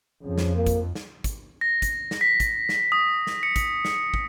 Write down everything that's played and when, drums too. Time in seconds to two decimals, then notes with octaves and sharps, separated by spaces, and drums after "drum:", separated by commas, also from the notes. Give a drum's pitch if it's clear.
0.23 F2 C#3
0.38 drum: snare
0.55 A#3
0.67 drum: kick, hi-hat
0.95 drum: snare
1.24 drum: kick, hi-hat
1.61 A#6
1.82 drum: kick, hi-hat
2.11 drum: snare
2.21 B6
2.40 drum: kick, hi-hat
2.69 drum: snare
2.92 D#6
3.27 drum: snare
3.43 C#7
3.56 drum: kick, hi-hat
3.85 drum: snare
4.14 drum: kick